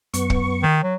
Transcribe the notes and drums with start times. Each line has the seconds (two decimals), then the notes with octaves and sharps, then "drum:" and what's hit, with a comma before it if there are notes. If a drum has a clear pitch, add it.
0.14 F#2 B3 C#6, drum: hi-hat
0.30 drum: kick
0.62 D#3
0.83 F#3